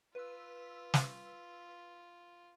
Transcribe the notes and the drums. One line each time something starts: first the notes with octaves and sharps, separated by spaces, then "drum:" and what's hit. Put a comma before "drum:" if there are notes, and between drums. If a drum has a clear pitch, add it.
F4 B4 E6
drum: snare